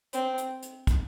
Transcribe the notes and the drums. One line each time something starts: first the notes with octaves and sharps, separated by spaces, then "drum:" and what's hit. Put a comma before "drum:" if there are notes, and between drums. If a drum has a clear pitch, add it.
C4, drum: hi-hat
drum: hi-hat
drum: hi-hat
drum: kick, hi-hat